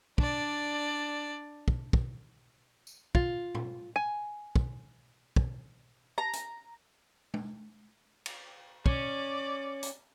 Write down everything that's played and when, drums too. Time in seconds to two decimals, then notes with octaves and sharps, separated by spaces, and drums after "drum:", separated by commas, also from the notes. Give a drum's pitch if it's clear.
0.18 D4 D5, drum: kick
1.68 drum: kick
1.93 drum: kick
2.87 drum: tambourine
3.15 F4, drum: kick
3.55 drum: tom A2
3.96 G#5
4.56 drum: kick
5.36 drum: kick
6.18 A#5
6.33 drum: hi-hat
7.34 drum: tom G#3
8.26 drum: cymbal
8.86 C#4 D5, drum: kick
9.83 drum: hi-hat